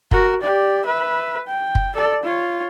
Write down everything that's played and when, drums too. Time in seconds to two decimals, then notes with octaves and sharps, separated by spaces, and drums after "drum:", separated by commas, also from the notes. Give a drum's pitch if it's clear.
0.11 F#4 A#4, drum: kick
0.41 G4 D5
0.85 B4 E5
1.47 G5
1.75 drum: kick
1.94 A4 D5
2.23 F4 C#5